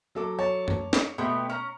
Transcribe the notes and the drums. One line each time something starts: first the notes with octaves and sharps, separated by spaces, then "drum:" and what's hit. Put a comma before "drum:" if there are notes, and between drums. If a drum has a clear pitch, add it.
F#3 A4 D6
C#5 A5
drum: tom F#2
drum: snare
B2 A3 B3 E4 G4 C6
C#4 A#5 F6